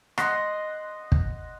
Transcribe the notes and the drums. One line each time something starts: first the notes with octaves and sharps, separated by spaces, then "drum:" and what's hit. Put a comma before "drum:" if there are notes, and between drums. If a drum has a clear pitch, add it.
D#5 F#5 C6, drum: rim click
drum: kick